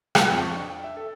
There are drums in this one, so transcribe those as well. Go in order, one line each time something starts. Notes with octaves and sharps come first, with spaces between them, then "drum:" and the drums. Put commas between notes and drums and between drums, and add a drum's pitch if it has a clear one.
F3, drum: rim click
F2
C#6
D4
G5
E5
A4